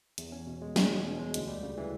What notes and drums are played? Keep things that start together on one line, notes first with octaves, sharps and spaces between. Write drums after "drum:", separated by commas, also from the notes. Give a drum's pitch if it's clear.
E2, drum: hi-hat
C#4
B2
G#3
E2, drum: snare
C#4
B2
G#3
D2, drum: hi-hat
G3
C#3
E3